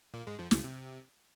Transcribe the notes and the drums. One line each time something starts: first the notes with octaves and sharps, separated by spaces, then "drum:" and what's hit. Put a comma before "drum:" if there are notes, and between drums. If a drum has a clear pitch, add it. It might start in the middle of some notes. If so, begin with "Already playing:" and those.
A#2 A#3
G#2 G#3
F2 F3
C#2 C#3, drum: snare
C3